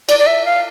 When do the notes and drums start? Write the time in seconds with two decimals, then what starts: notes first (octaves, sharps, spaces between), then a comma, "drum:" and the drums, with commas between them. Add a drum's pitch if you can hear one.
0.09 D5, drum: cymbal
0.19 D5
0.27 E5
0.45 F5